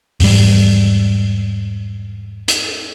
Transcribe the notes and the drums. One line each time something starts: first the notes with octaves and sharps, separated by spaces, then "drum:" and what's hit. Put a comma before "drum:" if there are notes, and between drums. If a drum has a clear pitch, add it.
E2 G#2 G3, drum: open hi-hat
drum: hi-hat